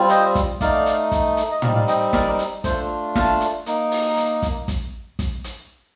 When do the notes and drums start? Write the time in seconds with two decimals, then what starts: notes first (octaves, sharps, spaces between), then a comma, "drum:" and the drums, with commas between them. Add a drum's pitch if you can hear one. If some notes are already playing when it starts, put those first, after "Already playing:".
Already playing: G3 C4 F4
0.09 C5 D#5, drum: hi-hat
0.35 drum: kick, hi-hat
0.61 A3 D#4 D5 F5, drum: kick, hi-hat
0.86 drum: hi-hat
1.12 drum: kick, hi-hat
1.37 drum: hi-hat
1.51 D#5
1.62 G3 C4 D#4 D5 F5, drum: tom
1.75 D5 F5
1.88 D#5 G5, drum: hi-hat
2.13 A#4 D5, drum: snare
2.39 drum: hi-hat
2.64 A3 D4 F4 A4 C5, drum: kick, hi-hat
3.16 F5 A5, drum: snare
3.41 drum: hi-hat
3.66 A#3 D#4, drum: hi-hat
3.92 drum: open hi-hat
4.17 drum: hi-hat
4.42 drum: kick, hi-hat
4.68 drum: kick, hi-hat
5.19 drum: kick, hi-hat
5.44 drum: hi-hat